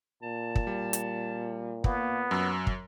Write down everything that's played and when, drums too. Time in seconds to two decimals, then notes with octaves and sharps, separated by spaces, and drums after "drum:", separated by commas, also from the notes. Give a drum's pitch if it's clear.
0.23 A#2 A5
0.55 drum: kick
0.67 G3
0.93 drum: hi-hat
1.84 A#3 B3, drum: kick
2.31 F#2 F#3 E6
2.67 drum: kick